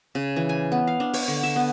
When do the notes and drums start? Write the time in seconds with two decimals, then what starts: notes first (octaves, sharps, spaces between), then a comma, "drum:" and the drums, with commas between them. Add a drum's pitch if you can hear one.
0.15 C#3
0.36 E3
0.49 G#5
0.72 B3
0.87 F5
1.00 D4
1.13 C#5, drum: open hi-hat
1.28 D3
1.43 E5
1.56 B3